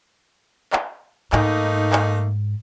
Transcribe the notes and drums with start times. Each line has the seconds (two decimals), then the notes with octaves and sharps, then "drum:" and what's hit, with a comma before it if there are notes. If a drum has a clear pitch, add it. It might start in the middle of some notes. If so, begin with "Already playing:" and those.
0.73 drum: clap
1.33 G#2 A3 A#3 D#4, drum: clap
1.92 drum: clap